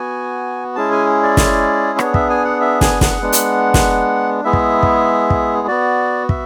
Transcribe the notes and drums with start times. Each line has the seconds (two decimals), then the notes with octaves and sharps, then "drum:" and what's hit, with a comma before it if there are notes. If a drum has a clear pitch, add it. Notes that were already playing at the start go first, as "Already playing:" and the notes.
Already playing: B3 F#4 G#5
0.76 G#3 C#4 E4 G#4 A5
0.92 G#5
1.23 D5
1.37 drum: snare
1.99 B3 D4 G#4 C#5, drum: rim click
2.14 E5, drum: kick
2.30 G#5
2.44 F#5
2.61 E5
2.81 G#5, drum: snare
3.01 F#5, drum: snare
3.21 G#3 B3 D4
3.33 drum: hi-hat
3.74 drum: snare
4.44 G#3 B3 E4 G#4 E5
4.53 drum: kick
4.83 drum: kick
5.30 drum: kick
5.68 B3 F#4 D5
6.29 E5, drum: kick